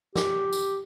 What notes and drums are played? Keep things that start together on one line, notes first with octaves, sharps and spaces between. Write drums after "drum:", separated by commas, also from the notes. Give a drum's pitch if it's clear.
G4, drum: snare
drum: tambourine